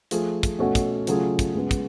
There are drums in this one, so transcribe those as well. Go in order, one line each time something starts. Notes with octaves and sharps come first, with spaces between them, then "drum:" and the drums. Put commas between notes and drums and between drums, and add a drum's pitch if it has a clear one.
F3 A3 F4 G#4, drum: hi-hat
drum: kick, hi-hat
B2 A3 C#4 F#4 A4
drum: kick, hi-hat
C#3 F#3 A3 F4 G#4, drum: hi-hat
drum: kick, hi-hat
C#3 G#3 B3
drum: kick, hi-hat